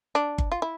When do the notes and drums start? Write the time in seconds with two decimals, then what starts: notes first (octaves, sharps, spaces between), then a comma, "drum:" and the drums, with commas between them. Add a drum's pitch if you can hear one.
0.15 D4
0.38 drum: kick G1
0.52 F4
0.62 E4